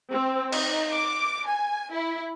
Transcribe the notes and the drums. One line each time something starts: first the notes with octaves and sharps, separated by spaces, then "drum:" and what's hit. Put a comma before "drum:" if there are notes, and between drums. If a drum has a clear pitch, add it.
C4
D#4, drum: cymbal
D6
G#5
E4